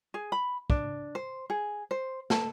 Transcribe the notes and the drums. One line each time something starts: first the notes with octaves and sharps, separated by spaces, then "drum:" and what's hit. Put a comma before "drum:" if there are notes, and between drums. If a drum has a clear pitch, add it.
G#4
B5
D4, drum: kick
C5
G#4
C5
A4, drum: snare